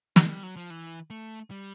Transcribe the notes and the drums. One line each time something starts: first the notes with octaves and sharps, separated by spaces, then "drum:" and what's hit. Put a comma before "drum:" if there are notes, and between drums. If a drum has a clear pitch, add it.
G#3, drum: snare
G3
F#3
F3
E3
A3
G3